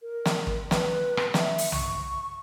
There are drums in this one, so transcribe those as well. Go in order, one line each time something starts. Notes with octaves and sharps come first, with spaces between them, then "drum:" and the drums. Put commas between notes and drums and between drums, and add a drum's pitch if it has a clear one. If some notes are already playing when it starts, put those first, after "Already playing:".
A#4
drum: snare
drum: kick
B4, drum: snare
drum: rim click
E5, drum: snare
drum: open hi-hat
C#6, drum: tom B1